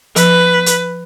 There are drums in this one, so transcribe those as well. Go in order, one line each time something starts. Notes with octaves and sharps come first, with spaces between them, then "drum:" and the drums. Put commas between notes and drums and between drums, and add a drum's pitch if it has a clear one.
F3 B4, drum: hi-hat
drum: hi-hat